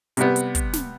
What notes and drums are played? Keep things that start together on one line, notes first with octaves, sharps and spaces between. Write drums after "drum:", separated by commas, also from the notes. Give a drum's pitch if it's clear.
C3 G3 B3, drum: hi-hat
drum: hi-hat
drum: kick, hi-hat
drum: snare